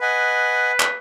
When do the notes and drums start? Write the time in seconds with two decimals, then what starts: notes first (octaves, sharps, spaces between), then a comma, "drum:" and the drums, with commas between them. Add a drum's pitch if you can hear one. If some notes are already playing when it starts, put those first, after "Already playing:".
0.01 B4 D#5 F#5 G#5
0.80 drum: clap